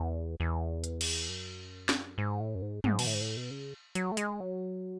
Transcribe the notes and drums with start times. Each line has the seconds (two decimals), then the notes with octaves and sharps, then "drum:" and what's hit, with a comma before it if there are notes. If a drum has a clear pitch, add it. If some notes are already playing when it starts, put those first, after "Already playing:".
Already playing: E2
0.40 E2
0.84 drum: hi-hat
1.01 drum: cymbal
1.29 F#2
1.89 drum: snare
2.18 G#2
2.40 A2
2.55 F#2
2.62 G#2
2.84 G#2, drum: tom
2.99 B2, drum: cymbal
3.07 A2
3.14 G#2
3.21 A2
3.37 B2
3.50 C#3
3.95 F#3, drum: hi-hat
4.12 A3
4.17 G#3, drum: hi-hat
4.40 F#3